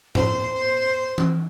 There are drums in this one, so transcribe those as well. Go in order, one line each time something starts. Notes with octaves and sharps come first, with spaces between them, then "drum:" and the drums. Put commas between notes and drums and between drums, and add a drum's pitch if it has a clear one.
C5, drum: tom G#2
drum: tom E3